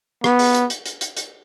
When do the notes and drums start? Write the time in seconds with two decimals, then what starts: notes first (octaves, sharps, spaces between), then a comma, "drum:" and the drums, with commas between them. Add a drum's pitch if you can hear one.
0.24 B3, drum: rim click
0.39 drum: open hi-hat
0.55 drum: hi-hat
0.70 drum: hi-hat
0.86 drum: hi-hat
1.01 drum: hi-hat
1.17 drum: hi-hat